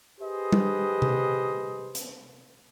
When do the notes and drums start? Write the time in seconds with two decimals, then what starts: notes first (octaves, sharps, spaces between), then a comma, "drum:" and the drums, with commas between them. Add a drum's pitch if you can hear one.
0.21 G4 G#4 B4 C5 D#5
0.52 drum: tom G3
1.02 drum: tom C3
1.95 drum: hi-hat